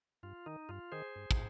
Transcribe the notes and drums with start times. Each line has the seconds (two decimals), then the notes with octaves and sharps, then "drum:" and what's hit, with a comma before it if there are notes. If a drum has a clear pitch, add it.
0.23 G2 F4
0.46 D#3 D#4
0.69 G2 F4
0.92 D#3 G#4 C5
1.16 G2
1.31 drum: kick